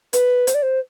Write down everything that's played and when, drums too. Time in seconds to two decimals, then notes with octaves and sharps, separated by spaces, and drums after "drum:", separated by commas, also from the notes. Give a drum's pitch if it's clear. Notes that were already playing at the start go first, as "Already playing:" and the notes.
0.13 B4, drum: hi-hat
0.47 C5, drum: hi-hat
0.54 D5
0.62 C5